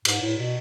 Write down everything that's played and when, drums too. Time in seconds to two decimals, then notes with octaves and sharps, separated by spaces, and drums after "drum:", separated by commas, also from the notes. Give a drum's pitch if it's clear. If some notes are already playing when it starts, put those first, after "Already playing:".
0.05 G#2, drum: cymbal
0.21 A2
0.38 B2